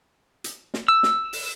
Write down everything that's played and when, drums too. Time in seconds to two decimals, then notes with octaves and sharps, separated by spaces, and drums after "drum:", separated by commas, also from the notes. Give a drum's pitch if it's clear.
0.44 drum: hi-hat
0.74 drum: snare
0.88 E6
1.03 drum: snare
1.33 drum: open hi-hat